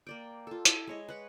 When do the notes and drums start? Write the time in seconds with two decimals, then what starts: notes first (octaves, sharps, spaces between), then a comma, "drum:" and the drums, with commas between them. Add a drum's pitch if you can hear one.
0.07 A#3 D5 G5
0.47 F4 A4
0.65 E4, drum: hi-hat
0.87 G#3 C#5 D#5
1.09 B4 F#5